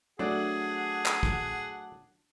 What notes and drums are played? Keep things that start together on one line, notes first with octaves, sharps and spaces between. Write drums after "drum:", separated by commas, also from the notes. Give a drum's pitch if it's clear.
F#3 A3 D4 G#4 F#5
drum: clap
drum: kick